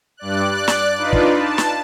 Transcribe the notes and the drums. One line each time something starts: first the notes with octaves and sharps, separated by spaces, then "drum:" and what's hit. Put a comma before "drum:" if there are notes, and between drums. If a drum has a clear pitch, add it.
G2 D5 F#6
D5 F#6
drum: snare
D4 D#4 F4 B4 D5
drum: kick
A5
drum: snare